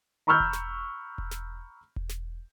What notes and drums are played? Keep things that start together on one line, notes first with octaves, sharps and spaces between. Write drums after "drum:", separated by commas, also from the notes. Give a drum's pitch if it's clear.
A#5 B5 C#6 E6 F6 G6
drum: kick E1
drum: snare
drum: kick E1
drum: snare
drum: kick E1
drum: snare